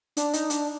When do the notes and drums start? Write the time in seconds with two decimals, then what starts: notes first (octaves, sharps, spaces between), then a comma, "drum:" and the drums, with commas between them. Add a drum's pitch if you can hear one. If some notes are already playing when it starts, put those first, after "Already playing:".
0.17 D4, drum: hi-hat
0.33 D#4, drum: hi-hat
0.50 D4, drum: hi-hat